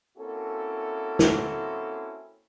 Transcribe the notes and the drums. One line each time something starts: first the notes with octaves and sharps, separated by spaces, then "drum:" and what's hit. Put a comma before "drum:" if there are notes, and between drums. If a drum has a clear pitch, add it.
A#3 C4 C#4 E4 F#4 A4
drum: snare